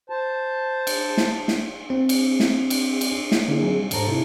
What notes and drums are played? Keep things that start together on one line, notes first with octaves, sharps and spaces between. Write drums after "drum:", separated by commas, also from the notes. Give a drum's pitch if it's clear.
C5 A5
drum: cymbal
drum: snare
drum: snare
C4
drum: cymbal
drum: snare
drum: cymbal
drum: cymbal
drum: snare
D3 A#3 C#4 D4 E4 G#4
F#3 C4 D#4 G#4
G3
E2 G#2 A4 C5 A5 A#5, drum: cymbal
C3 D#4 E4